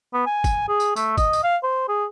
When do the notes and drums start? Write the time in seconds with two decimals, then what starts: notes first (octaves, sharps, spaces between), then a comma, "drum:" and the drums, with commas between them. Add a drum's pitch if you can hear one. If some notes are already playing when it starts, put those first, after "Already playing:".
0.14 B3
0.26 G#5
0.44 drum: kick, tambourine
0.68 G#4
0.80 drum: tambourine
0.96 A3, drum: tambourine
1.18 D#5, drum: kick, tambourine
1.33 drum: tambourine
1.44 F5
1.64 C5
1.89 G#4